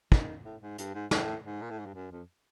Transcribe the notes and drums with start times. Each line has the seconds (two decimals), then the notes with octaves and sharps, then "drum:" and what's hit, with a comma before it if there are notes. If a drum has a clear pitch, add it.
0.12 D#3, drum: kick
0.44 A2
0.62 G#2
0.78 G2, drum: hi-hat
0.94 G#2
1.11 A2, drum: snare
1.45 G#2
1.61 A#2
1.70 A2
1.78 G#2
1.86 G2
1.95 F#2
2.11 F2